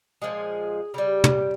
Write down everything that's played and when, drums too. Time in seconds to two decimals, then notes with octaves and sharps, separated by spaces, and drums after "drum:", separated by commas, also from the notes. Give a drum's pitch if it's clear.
0.22 A#2 F3 G#3 G#4
0.94 C#3 G3 G4
1.24 drum: tom